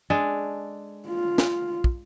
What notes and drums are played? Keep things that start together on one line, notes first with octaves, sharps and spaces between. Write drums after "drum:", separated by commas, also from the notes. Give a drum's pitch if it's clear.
G#3 D4 A4
F4
drum: snare
drum: kick